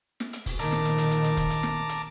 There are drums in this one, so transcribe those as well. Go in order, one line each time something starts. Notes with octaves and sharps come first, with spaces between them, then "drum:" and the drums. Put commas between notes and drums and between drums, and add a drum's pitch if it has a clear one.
drum: snare
drum: hi-hat
drum: kick F1, open hi-hat
A#1 D#3 A5 A#5 D6, drum: hi-hat
drum: snare
drum: hi-hat
drum: hi-hat
drum: hi-hat
drum: hi-hat
drum: kick F1, hi-hat
drum: hi-hat
drum: snare
drum: hi-hat